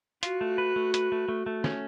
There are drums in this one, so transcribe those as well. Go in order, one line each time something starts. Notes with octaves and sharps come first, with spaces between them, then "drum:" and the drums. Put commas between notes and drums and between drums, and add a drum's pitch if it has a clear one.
F4 F#4, drum: hi-hat
A3
B4
A3
B4, drum: hi-hat
A3
A3
A3
C#4, drum: snare